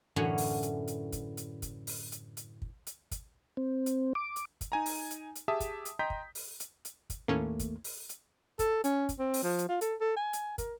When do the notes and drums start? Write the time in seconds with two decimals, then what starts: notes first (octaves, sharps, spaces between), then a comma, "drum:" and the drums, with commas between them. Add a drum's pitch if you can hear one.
0.16 F#2 A2 D3 E3 C#4 F#4
0.38 drum: open hi-hat
0.63 drum: hi-hat
0.87 drum: hi-hat
1.12 drum: kick, hi-hat
1.37 drum: hi-hat
1.62 drum: kick, hi-hat
1.87 drum: open hi-hat
2.12 drum: hi-hat
2.37 drum: hi-hat
2.62 drum: kick
2.87 drum: hi-hat
3.11 drum: kick, hi-hat
3.57 C4
3.86 drum: hi-hat
4.15 D6
4.36 drum: hi-hat
4.61 drum: kick, hi-hat
4.72 D#4 G#5 A#5
4.86 drum: open hi-hat
5.11 drum: hi-hat
5.35 drum: hi-hat
5.48 G4 G#4 E5 A5 D#6
5.60 drum: kick, hi-hat
5.85 drum: hi-hat
5.99 D#5 G5 A#5 C6 G6 B6
6.10 drum: kick
6.35 drum: open hi-hat
6.60 drum: hi-hat
6.85 drum: hi-hat
7.10 drum: kick, hi-hat
7.28 D#2 A2 A3 A#3 C#4
7.59 drum: kick, hi-hat
7.84 drum: open hi-hat
8.09 drum: hi-hat
8.59 A4, drum: kick, hi-hat
8.84 C#4, drum: hi-hat
9.09 drum: kick, hi-hat
9.19 C4
9.34 drum: open hi-hat
9.43 F3
9.58 drum: hi-hat
9.68 F4
9.81 A4, drum: hi-hat
10.01 A4
10.16 G#5
10.33 drum: hi-hat
10.58 A#4, drum: kick, hi-hat